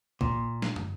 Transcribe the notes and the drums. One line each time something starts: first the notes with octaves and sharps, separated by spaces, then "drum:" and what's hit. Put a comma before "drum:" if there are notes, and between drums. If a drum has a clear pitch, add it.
A#2, drum: kick A1
drum: snare
drum: tom